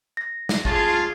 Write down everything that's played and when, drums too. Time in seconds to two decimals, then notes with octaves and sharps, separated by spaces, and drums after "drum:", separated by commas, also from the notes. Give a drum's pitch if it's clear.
0.17 A#6
0.49 drum: snare
0.65 C#4 F4 G#4 A5, drum: kick